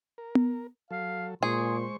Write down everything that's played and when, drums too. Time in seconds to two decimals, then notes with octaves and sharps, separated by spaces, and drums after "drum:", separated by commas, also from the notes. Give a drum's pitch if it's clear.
0.18 A#4
0.35 drum: tom B3
0.91 F#3 A4 F5
1.43 A#2 G#3 G#4 C5 C6 C#6